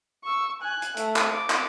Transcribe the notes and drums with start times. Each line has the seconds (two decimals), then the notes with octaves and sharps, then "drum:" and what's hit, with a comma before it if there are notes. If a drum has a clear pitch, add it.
0.24 C#6 E6
0.61 G#5 F#6
0.82 drum: hi-hat
0.97 A3, drum: hi-hat
1.16 drum: clap
1.33 D6
1.50 drum: clap